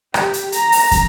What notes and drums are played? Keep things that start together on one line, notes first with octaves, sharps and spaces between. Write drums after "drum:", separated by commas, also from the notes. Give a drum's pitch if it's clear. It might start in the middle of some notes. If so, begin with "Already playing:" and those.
G4, drum: rim click
drum: hi-hat
A#5, drum: hi-hat
drum: open hi-hat
drum: kick, hi-hat